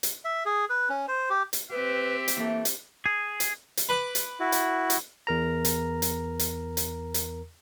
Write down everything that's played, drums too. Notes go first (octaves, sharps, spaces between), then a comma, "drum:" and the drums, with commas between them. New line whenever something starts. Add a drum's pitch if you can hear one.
drum: hi-hat
E5
G#4
B4
C#4
C5
G4
drum: hi-hat
C4 G4 B4 E5
drum: hi-hat
E3 A3 A#3
drum: hi-hat
G#4
drum: hi-hat
drum: hi-hat
B4 D6
drum: hi-hat
E4 F#4
drum: hi-hat
drum: hi-hat
E2 A#4 A#5
drum: hi-hat
drum: hi-hat
drum: hi-hat
drum: hi-hat
drum: hi-hat